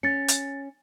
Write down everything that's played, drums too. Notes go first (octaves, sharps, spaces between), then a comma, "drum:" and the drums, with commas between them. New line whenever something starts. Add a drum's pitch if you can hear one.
C#4 A6 C#7
drum: hi-hat